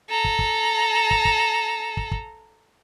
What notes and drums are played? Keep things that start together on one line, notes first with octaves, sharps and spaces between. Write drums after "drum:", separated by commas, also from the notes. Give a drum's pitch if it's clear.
A4 A#5
drum: kick
drum: kick
drum: kick
drum: kick
drum: kick
drum: kick